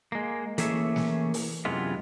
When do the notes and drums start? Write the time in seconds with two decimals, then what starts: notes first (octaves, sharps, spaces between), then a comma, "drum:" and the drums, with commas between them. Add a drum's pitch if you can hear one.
0.12 G#3 A#3
0.58 E3 A3 A#3 C#4 G#4 E5, drum: hi-hat
0.96 drum: snare
1.34 drum: open hi-hat
1.65 F#2 C3 E3 G#3 B3 F4